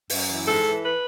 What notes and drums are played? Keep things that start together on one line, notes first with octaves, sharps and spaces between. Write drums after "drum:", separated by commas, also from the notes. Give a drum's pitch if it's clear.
F#2, drum: open hi-hat
E3
G#2 A4
E3
B4